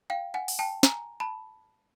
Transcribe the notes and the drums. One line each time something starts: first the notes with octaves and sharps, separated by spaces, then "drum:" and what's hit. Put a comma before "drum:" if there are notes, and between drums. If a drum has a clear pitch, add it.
F5 G5
F#5 G#5
drum: open hi-hat
G5 A5
G#5 A#5, drum: snare
A5 B5